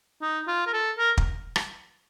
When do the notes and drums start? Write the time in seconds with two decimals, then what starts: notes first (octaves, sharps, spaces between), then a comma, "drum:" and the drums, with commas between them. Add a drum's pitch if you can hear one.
0.22 D#4
0.47 F4
0.67 A#4
0.73 A4
0.98 A#4
1.17 drum: kick
1.56 drum: rim click